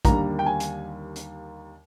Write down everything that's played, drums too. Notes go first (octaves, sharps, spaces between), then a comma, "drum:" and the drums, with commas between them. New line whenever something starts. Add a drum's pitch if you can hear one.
D#2 D3 G3 A#3 A#5, drum: kick, hi-hat
G5
G#5
drum: hi-hat
drum: hi-hat